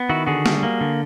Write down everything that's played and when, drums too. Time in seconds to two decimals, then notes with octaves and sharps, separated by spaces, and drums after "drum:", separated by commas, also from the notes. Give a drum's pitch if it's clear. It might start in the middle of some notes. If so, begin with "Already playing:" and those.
Already playing: B3
0.09 D#3 E4 F#4
0.27 D3 F#4 G#4
0.46 G3, drum: snare
0.63 A#3
0.81 D3